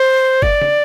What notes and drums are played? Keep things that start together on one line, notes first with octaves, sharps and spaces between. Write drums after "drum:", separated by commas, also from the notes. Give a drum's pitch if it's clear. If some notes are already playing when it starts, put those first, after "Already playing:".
Already playing: C5
D5, drum: kick G1
drum: tom C#3